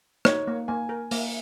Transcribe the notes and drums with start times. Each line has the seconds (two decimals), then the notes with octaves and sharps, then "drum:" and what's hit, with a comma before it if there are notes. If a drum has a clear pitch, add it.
0.25 D#4 C#5, drum: rim click
0.47 A#3
0.68 A#3 G#5
0.89 A#4
1.11 A#3, drum: open hi-hat